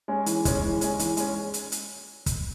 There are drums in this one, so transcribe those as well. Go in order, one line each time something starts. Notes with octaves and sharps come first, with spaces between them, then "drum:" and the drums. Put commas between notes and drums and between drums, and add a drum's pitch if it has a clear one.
G#3 C#4
E3, drum: hi-hat
G#3 C#4, drum: kick, hi-hat
E3
G#3 C#4, drum: hi-hat
E3, drum: hi-hat
G#3 C#4, drum: hi-hat
drum: hi-hat
drum: hi-hat
drum: kick, hi-hat